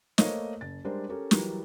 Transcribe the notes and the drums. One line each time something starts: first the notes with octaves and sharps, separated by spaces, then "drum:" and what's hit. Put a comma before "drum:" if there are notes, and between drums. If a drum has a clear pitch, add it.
A3 A#3 A#4 C5 C#5 D#5, drum: snare
F#1 A6
G3 G#3 D4 A#4 C5
C#4 G4 A4 A#4
E3 F#3 G3 A#4 B4, drum: snare